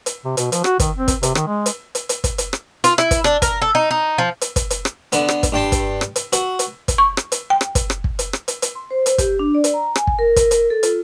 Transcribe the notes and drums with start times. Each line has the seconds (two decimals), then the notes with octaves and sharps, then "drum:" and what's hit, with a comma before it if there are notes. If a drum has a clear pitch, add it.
0.06 drum: hi-hat
0.25 C3
0.37 B2, drum: hi-hat
0.52 F3, drum: hi-hat
0.64 F#4, drum: rim click
0.80 D#3, drum: kick, hi-hat
0.97 C4
1.08 drum: kick, hi-hat
1.23 C3, drum: hi-hat
1.35 D#3, drum: rim click
1.47 G#3
1.66 drum: hi-hat
1.95 drum: hi-hat
2.09 drum: hi-hat
2.24 drum: kick, hi-hat
2.38 drum: hi-hat
2.53 drum: rim click
2.84 F4, drum: hi-hat
2.98 E4, drum: rim click
3.11 drum: kick, hi-hat
3.24 D4, drum: rim click
3.42 A#4, drum: kick, hi-hat
3.62 A4
3.75 D#4
3.91 D#4
4.18 F3
4.41 drum: hi-hat
4.56 drum: kick, hi-hat
4.70 drum: hi-hat
4.85 drum: rim click
5.12 D3 B3, drum: hi-hat
5.28 drum: rim click
5.43 drum: kick, hi-hat
5.53 G2 G5 A5 C6
5.72 drum: kick, hi-hat
6.01 drum: rim click
6.16 drum: hi-hat
6.33 F#4, drum: hi-hat
6.59 drum: hi-hat
6.88 drum: kick, hi-hat
6.98 C#6
7.17 drum: rim click
7.32 drum: hi-hat
7.50 G5
7.61 drum: rim click
7.75 drum: kick, hi-hat
7.90 drum: rim click
8.04 drum: kick
8.19 drum: hi-hat
8.33 drum: rim click
8.48 drum: hi-hat
8.62 drum: hi-hat
8.75 C6
8.91 C5
9.06 drum: hi-hat
9.18 G4, drum: kick, hi-hat
9.39 D4
9.54 D5
9.64 drum: hi-hat
9.74 A#5
9.96 G#5, drum: rim click
10.07 drum: kick
10.19 A#4
10.36 drum: kick, hi-hat
10.51 drum: hi-hat
10.70 A4
10.83 F4, drum: hi-hat